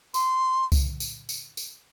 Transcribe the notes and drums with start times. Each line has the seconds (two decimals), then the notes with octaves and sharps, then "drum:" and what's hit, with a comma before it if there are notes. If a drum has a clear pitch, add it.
0.14 C6, drum: tambourine
0.72 drum: kick C2, tambourine
1.00 drum: tambourine
1.29 drum: tambourine
1.57 drum: tambourine